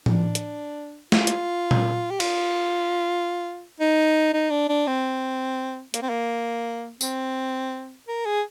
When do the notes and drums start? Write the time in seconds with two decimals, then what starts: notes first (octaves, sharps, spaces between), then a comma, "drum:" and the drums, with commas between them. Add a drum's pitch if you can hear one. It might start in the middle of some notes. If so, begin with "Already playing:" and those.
0.06 D4, drum: tom
0.35 drum: hi-hat
1.12 F4, drum: snare
1.27 drum: hi-hat
1.71 drum: tom A#2
2.10 G4
2.20 F4, drum: cymbal
3.81 D#4
4.34 D#4
4.51 D4
4.69 D4
4.87 C4
5.94 A#3, drum: hi-hat
6.02 C4
6.10 A#3
7.01 C4, drum: tambourine
8.08 A#4
8.26 G#4